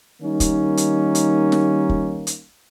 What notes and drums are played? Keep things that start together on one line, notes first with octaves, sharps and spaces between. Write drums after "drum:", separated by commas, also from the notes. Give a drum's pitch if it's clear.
D#3 G3 A#3 C#4 D#4
drum: kick, hi-hat
drum: hi-hat
drum: hi-hat
drum: snare
drum: kick
drum: hi-hat